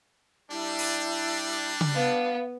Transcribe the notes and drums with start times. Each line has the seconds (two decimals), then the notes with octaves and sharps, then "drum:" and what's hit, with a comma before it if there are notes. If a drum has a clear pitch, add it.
0.50 G3 D4 E4
0.79 drum: open hi-hat
1.81 drum: tom C#3
1.95 B3 F5